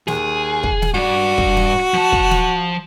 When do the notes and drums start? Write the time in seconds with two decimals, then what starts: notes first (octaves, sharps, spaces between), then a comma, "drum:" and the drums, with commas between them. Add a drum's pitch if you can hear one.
0.08 D#2 G#4, drum: snare
0.63 drum: kick
0.82 drum: snare
0.94 G2 F#4 D5
1.38 drum: kick
1.56 drum: snare
1.94 F3 A5
2.12 drum: kick
2.31 drum: snare